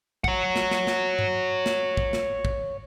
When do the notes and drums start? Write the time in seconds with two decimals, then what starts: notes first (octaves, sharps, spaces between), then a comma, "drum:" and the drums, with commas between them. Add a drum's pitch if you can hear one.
0.24 C#5 F#5, drum: kick
0.56 drum: snare
0.71 drum: snare
0.87 drum: snare
1.19 drum: tom G2
1.66 drum: snare
1.97 drum: kick
2.13 drum: snare
2.45 drum: kick